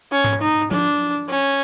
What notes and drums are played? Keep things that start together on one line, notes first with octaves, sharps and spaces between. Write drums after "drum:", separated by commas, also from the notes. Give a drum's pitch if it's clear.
C#4
drum: tom G#2
D#4
D4, drum: tom F3
C#4